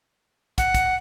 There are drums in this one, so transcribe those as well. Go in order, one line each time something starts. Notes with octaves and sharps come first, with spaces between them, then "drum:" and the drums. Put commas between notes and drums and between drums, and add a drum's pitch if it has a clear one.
F#5, drum: kick, hi-hat
drum: kick, hi-hat